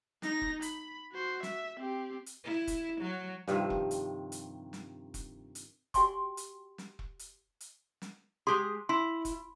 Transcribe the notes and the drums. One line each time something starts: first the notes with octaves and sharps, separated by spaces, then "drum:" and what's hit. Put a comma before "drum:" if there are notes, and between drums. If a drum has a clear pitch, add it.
D#4 A#6, drum: snare
drum: kick E1
B5, drum: hi-hat
F#4 C5
E5, drum: snare
C4 G4
drum: hi-hat
E4
drum: kick E1, hi-hat
F#3
G2 C3 D#3 F3, drum: snare
drum: kick E1
drum: hi-hat
drum: hi-hat
drum: snare
drum: kick E1, hi-hat
drum: hi-hat
F#4 G4 G5 G#5 C6 C#6, drum: kick E1, hi-hat
drum: hi-hat
drum: snare
drum: kick E1
drum: hi-hat
drum: hi-hat
drum: snare
G#3 G4 G#4 C6
E4 C6
drum: kick E1, hi-hat